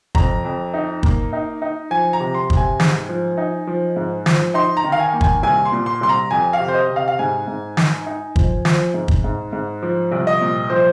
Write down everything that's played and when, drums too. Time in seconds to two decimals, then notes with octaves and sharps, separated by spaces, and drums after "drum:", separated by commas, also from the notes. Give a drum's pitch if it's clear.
0.15 F2 A#5, drum: kick
0.45 F2
0.74 D#4
1.03 A#3, drum: kick
1.33 D#4
1.62 D#4
1.91 F3 G#5
2.13 A#5
2.20 C3
2.34 C6
2.50 C3, drum: kick
2.56 G#5
2.80 G#2, drum: snare
3.09 F3
3.37 D#4
3.67 F3
3.96 G#2
4.26 F3, drum: snare
4.54 D#4 C6
4.77 A#5
4.84 D#3
4.92 F5
4.99 G#5
5.13 A#3
5.21 G#5, drum: kick
5.43 C2 G#5
5.65 C6
5.72 A#2
5.86 C6
6.01 C2 C6
6.09 A#5
6.31 F2 G#5
6.53 F5
6.60 C3
6.68 C5
6.74 D#5
6.90 C3
6.96 F5
7.08 F5
7.19 G#2 G#5
7.48 G#2
7.77 D#4, drum: snare
8.06 D#4
8.36 F3, drum: kick
8.65 F3, drum: snare
8.94 G#2
9.08 drum: kick
9.24 G#2
9.53 G#2
9.82 F3
10.12 C2
10.27 D#5
10.41 A#2
10.70 F3 C5